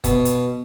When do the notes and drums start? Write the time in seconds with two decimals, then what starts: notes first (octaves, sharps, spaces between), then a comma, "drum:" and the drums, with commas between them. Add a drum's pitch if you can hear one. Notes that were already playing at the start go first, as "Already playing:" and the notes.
0.04 B2, drum: kick, hi-hat
0.25 drum: hi-hat